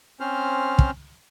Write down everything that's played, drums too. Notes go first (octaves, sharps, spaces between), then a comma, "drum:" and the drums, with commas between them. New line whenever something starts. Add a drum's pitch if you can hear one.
C4 C#4 C5 F6
drum: kick